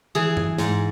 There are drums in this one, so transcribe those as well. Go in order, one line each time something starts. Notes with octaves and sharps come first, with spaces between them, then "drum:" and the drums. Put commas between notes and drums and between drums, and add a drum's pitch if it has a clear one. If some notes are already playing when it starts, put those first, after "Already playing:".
E3 G#4
drum: tom F2
G#2, drum: snare